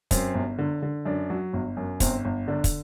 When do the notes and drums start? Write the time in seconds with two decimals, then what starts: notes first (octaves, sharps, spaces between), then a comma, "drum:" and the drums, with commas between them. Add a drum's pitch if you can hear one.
0.11 F#2 C4, drum: kick, hi-hat
0.35 G1
0.58 D3
0.82 D3
1.05 F#2 D4
1.30 F#3
1.53 G1
1.77 F#2
2.00 G1 C4, drum: kick, hi-hat
2.25 G1
2.48 D3 D4
2.64 drum: kick, hi-hat